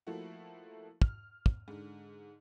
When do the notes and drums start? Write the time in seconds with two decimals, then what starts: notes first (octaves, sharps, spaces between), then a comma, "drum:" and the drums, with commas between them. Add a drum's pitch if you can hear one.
0.07 F3 A3 A#3 E4 F#4
1.02 F6, drum: kick
1.46 drum: kick
1.68 G#2 D3